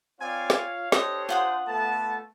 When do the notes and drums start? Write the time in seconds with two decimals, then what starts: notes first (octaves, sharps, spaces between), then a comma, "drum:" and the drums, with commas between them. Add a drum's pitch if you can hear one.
0.21 C4 F4 C#5 D5 F5 G#5
0.50 drum: snare
0.92 D4 G4 A4 C5 C#5 D#5, drum: snare
1.29 F4 F#5 D#6
1.67 A3 B3 A4 A5